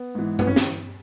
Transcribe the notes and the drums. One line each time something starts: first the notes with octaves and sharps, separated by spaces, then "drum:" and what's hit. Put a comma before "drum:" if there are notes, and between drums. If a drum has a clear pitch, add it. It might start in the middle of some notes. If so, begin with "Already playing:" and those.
Already playing: B3
G#2 E3
B3, drum: tom G2
E3 C#4
drum: snare